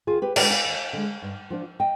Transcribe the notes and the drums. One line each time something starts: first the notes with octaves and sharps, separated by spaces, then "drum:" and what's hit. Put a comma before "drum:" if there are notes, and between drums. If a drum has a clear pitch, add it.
D#2 F4 G#4
G4 B4
D3 G#3 G4 B4, drum: cymbal
F5 G#5
D#2
D3 G#3
G2
F3 B3 D4 F4
D#5 G5